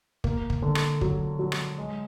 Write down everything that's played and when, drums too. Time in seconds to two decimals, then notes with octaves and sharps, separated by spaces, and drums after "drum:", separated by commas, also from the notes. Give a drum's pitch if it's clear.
0.24 A#3, drum: kick
0.50 drum: kick
0.62 D3
0.75 drum: rim click
1.01 F#3, drum: kick
1.39 F#3
1.52 drum: rim click
1.78 G#3